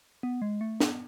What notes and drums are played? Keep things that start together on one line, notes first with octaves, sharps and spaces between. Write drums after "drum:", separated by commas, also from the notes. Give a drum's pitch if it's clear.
B3
G#3
A3
B3, drum: snare